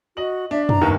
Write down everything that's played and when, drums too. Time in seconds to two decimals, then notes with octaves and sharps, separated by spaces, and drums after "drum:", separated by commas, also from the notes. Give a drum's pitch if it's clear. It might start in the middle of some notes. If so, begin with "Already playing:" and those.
0.17 F#4 D#5 F#7
0.51 D4 E5
0.69 A#5, drum: tom
0.81 G1 D#2 D#3